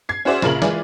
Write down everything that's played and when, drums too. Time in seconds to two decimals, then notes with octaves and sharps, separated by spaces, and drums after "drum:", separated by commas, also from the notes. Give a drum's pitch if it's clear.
0.09 G#6 C7
0.25 C#4 F#4 G#4 C5 D5 E5
0.42 A#1 C#3 F4 A#4 F#7, drum: snare
0.62 E3 G#3 E4 F4 G#4 D5, drum: snare